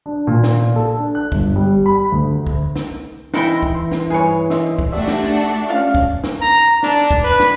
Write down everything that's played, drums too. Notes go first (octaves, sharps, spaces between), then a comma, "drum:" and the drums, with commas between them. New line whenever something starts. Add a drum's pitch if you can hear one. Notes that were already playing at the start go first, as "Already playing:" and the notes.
D4
A#2
drum: snare
A4
D4
F#6
G1, drum: kick
G3
B5
D2
drum: kick
drum: snare
E3 D#4 E4 G5 C6 A#6, drum: snare
drum: kick
E5 C6
drum: snare
G2 G#4 B4 C#5
D#5 E5 C6, drum: snare
drum: kick
A3 D4 F#4 G4 D5 E5
drum: snare
C#4 F4 F5
drum: kick
drum: snare
A#5
D4, drum: snare
drum: kick
B4
drum: snare